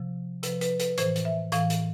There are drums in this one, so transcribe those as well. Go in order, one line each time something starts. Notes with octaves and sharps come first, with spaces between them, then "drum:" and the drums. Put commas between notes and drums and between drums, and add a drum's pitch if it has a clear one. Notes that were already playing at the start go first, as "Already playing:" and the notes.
Already playing: C3 F3
C3 F3 B4, drum: hi-hat
B4, drum: hi-hat
B4, drum: hi-hat
A2 E3 C5, drum: hi-hat
drum: hi-hat
E5
A2 E3 F5, drum: hi-hat
drum: hi-hat